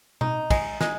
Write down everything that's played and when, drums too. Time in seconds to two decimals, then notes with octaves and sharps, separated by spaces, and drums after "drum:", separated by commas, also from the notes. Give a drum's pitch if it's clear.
0.21 D#4, drum: tom B2
0.50 G#3, drum: kick, cymbal
0.81 G#3, drum: snare